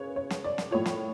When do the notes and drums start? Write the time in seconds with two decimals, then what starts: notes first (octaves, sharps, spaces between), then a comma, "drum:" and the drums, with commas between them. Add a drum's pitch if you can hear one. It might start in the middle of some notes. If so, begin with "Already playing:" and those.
Already playing: C#3 B4 C#5
0.16 C#5
0.30 drum: snare
0.44 D5
0.58 drum: snare
0.71 A2 F3 C#5
0.86 drum: snare